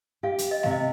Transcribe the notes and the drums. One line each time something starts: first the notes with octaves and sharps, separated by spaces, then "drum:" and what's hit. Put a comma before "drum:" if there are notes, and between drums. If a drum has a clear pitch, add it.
G4 F5
drum: hi-hat
D#5
C3 F5, drum: snare A3
D#5